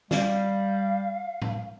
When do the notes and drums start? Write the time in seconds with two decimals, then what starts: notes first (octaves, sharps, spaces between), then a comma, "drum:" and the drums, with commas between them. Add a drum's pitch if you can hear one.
0.11 G3 F5, drum: snare
1.42 drum: tom A2